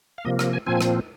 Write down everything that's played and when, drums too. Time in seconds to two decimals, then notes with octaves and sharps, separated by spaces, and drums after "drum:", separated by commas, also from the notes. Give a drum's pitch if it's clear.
0.18 F5
0.25 C3 F3 A#3 D#5
0.39 A#4, drum: rim click
0.53 G#5
0.66 A#2 F3 C4 G#5
0.81 drum: rim click